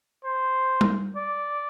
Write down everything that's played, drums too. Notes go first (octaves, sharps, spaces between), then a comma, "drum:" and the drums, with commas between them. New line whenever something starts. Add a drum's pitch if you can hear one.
C5
drum: tom G3
D5